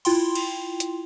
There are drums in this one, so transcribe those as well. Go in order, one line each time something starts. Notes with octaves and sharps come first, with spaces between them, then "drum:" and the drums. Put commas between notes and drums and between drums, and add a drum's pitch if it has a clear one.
E4 F4 G5 C6, drum: cymbal
drum: cymbal
drum: hi-hat